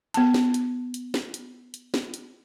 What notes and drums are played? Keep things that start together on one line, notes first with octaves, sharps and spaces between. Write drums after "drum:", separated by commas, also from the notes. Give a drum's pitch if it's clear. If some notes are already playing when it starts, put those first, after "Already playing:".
B3 A5, drum: hi-hat
drum: snare
drum: hi-hat
drum: hi-hat
drum: snare
drum: hi-hat
drum: hi-hat
drum: snare
drum: hi-hat